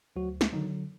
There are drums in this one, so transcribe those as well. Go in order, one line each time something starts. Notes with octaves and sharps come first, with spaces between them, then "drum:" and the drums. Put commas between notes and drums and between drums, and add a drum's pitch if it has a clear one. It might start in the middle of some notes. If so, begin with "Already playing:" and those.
D2 F#3 F#4
drum: snare
D3 D#3 F#3 D#4